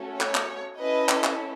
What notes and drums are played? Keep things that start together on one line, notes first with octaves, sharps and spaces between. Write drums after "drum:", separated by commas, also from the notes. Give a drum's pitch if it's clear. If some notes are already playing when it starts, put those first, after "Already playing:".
Already playing: A3 C#4 F#4 A4
C#5, drum: clap
drum: clap
C#4 E4 A4 B4 D#5
drum: clap
drum: clap